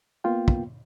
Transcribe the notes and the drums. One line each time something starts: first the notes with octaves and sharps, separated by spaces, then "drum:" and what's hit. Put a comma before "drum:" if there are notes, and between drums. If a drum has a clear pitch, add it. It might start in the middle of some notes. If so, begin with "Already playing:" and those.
A#3 B3 F4 G5
drum: kick